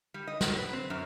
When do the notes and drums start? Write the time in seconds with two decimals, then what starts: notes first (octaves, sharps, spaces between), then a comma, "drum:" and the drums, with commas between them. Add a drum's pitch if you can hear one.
0.14 G3
0.27 D#5
0.41 F#3, drum: snare
0.58 B4
0.73 C4
0.90 F#2